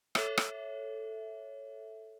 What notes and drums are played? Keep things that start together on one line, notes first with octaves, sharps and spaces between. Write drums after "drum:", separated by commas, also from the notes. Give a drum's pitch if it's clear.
A4 C#5 E5, drum: rim click
drum: rim click